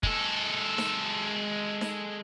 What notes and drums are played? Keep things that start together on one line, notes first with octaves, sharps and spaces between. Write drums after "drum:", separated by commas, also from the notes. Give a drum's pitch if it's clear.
G#3 A4, drum: kick
drum: snare D#4
drum: snare D#4